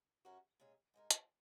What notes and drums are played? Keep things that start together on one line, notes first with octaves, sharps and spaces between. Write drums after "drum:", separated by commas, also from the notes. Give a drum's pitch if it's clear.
F#2 F#3 C#4 F#4 A#4
A#2 G#3 C#4 G#4
G#2 G#3 D#4 A#4
drum: hi-hat